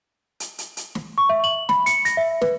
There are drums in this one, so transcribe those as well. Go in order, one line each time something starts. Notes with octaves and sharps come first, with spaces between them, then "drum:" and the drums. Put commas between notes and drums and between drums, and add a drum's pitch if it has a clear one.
drum: hi-hat
drum: hi-hat
drum: hi-hat
drum: snare
C#6
E5
F#7
B5, drum: snare
C#7, drum: hi-hat
A#6, drum: hi-hat
E5
B4, drum: snare